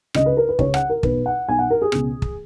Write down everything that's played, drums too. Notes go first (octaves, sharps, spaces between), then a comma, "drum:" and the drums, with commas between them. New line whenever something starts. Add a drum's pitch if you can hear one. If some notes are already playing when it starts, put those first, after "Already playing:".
C#2 C#3 D#5, drum: rim click
B4
A#4
B4
C#2 C#3 C#5, drum: kick
F#5, drum: rim click
A#4
B1 B2 B4, drum: kick
F#5
B1 B2 G#5
F#5
A#4
G#4
C#2 B2, drum: rim click
drum: kick